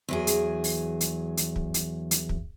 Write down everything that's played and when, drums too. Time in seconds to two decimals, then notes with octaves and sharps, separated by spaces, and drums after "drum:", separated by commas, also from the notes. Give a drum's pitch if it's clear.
0.09 E2 F#3 G#4
0.27 drum: hi-hat
0.64 drum: open hi-hat
1.01 drum: hi-hat
1.37 drum: hi-hat
1.56 drum: kick
1.74 drum: hi-hat
2.11 drum: hi-hat
2.29 drum: kick